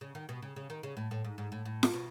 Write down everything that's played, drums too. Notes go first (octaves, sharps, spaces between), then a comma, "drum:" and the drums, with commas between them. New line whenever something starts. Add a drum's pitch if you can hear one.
C#3
D#3
B2
C#3
C#3
D#3
C#3
A2
A2
G#2
G#2
A2
A2
drum: snare F4
B2